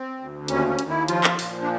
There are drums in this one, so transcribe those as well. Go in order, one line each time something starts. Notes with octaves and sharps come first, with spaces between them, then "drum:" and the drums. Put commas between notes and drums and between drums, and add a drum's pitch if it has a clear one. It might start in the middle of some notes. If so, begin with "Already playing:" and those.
Already playing: C4
D2
D#2 C#4, drum: hi-hat
C#4
D#2, drum: hi-hat
E4
F3 F4, drum: hi-hat
drum: clap
A#2, drum: open hi-hat
D4